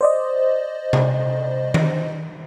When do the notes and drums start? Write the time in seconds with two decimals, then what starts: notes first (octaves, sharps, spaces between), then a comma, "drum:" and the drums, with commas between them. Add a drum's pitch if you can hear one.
0.01 C5 D5 D#5
0.93 drum: tom C3
1.74 drum: tom D#3